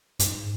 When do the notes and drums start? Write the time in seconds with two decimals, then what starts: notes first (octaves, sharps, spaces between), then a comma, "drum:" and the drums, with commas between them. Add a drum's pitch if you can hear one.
0.19 G#2, drum: hi-hat